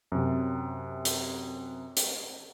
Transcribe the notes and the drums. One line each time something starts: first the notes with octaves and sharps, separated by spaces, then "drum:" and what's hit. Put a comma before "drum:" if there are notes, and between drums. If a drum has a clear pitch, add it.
F#2 C3
drum: hi-hat
drum: hi-hat